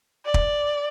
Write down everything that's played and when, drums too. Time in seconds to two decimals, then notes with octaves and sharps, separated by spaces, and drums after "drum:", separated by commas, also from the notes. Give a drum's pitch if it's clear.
0.25 D5
0.34 drum: kick